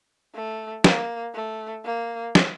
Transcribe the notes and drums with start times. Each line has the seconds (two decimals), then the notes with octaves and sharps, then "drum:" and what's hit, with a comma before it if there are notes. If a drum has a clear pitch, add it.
0.35 A3
0.84 A#3, drum: snare
1.34 A3
1.85 A#3
2.35 drum: snare